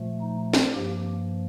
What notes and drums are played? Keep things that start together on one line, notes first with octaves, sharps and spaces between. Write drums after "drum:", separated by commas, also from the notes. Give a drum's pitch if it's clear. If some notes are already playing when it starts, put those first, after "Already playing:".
Already playing: A#2 F3 A3
D#4
drum: snare
G2 F3 A#3 G4